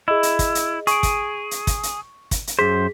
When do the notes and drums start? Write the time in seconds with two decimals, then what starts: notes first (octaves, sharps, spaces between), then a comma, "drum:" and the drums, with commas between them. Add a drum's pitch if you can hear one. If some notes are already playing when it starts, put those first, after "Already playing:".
0.08 E4 G#4 D#5
0.23 drum: hi-hat
0.39 drum: kick, hi-hat
0.55 drum: hi-hat
0.87 G#4 C#6 D7, drum: hi-hat
1.03 drum: kick, hi-hat
1.51 drum: hi-hat
1.67 drum: kick, hi-hat
1.83 drum: hi-hat
2.31 drum: kick, hi-hat
2.47 drum: hi-hat
2.59 F#2 G#4 C5 B6